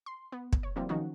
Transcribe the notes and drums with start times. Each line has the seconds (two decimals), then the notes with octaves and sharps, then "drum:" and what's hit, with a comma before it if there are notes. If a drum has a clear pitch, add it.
0.06 C6
0.32 B3
0.53 drum: kick
0.63 C#5
0.76 C3 E3 F#3 G3 A#3 C4
0.89 D#3 F3 C#4 D#4 F#4